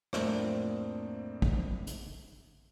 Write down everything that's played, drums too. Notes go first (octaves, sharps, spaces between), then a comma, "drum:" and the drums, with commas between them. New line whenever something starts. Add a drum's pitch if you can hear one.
F2 A2 A#3 C4 D4, drum: rim click
drum: kick
drum: hi-hat